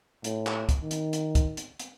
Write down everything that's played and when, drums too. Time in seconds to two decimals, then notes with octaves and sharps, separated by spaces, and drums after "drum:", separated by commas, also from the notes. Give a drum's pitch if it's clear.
0.24 A2, drum: hi-hat
0.47 drum: clap
0.69 drum: kick, hi-hat
0.82 D#3
0.91 drum: hi-hat
1.13 drum: hi-hat
1.35 drum: kick, hi-hat
1.57 drum: hi-hat
1.79 drum: hi-hat